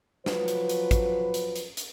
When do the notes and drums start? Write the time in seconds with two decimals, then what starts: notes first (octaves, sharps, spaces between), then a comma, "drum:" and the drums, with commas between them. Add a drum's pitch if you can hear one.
0.26 F3 F#3 B4, drum: snare
0.48 drum: hi-hat
0.69 drum: hi-hat
0.91 drum: kick, hi-hat
1.34 drum: hi-hat
1.56 drum: hi-hat
1.77 drum: hi-hat